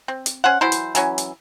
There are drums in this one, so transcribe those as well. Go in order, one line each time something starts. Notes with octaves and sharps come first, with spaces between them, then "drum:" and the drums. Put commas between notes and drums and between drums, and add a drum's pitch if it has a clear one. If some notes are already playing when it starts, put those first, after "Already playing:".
C4
drum: hi-hat
C#4 C5 F#5
E3 F#3 E4 C5
drum: hi-hat
E3 F#3 C#4, drum: hi-hat
drum: hi-hat